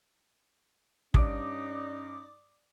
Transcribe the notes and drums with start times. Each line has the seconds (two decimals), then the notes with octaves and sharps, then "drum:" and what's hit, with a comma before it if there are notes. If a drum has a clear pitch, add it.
1.14 G2 C#4 D#4 D5 D6 D#6, drum: kick